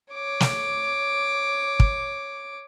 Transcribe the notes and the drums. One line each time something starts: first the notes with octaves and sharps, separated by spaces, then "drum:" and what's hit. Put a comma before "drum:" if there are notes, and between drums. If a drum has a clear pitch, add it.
C#5 D6
drum: snare
drum: kick